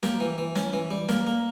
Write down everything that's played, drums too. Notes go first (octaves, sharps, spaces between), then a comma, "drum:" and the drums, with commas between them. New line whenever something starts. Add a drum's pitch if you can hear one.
A#3 G4, drum: snare
E3
E3
C#4, drum: snare
E3
G3
A#3 A#4, drum: snare
A#3